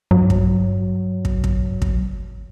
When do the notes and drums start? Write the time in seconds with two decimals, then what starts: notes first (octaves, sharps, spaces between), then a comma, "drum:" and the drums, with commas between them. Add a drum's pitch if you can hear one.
0.11 G2 F#3
0.30 drum: kick
1.25 drum: kick
1.44 drum: kick
1.82 drum: kick